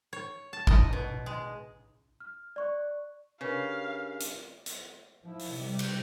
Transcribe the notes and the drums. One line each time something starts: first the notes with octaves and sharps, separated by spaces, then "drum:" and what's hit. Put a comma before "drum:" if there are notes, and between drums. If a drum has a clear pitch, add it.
C#5
A5
D#5, drum: kick G#1
B2
G#3
F6
D5 C#6 F#6
C#3 D4 G4 A#4 B4 C#5 F5
drum: hi-hat
drum: hi-hat
F3 E4
drum: open hi-hat
C3 G3
drum: cymbal